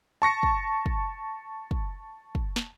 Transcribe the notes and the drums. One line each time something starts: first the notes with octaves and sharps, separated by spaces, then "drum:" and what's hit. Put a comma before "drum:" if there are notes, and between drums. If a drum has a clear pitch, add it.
A5 C#6 A#6 C#7
drum: kick
drum: kick
drum: kick
drum: kick
drum: snare